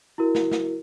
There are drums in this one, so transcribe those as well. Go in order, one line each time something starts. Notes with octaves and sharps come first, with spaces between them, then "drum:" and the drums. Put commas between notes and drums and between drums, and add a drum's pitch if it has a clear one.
E4 F#4 A#4
drum: snare
drum: snare